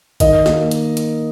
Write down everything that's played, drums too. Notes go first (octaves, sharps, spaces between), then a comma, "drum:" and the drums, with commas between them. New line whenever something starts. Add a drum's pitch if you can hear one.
D#3 D#5, drum: kick A#1, hi-hat
A#3, drum: snare
drum: hi-hat
drum: hi-hat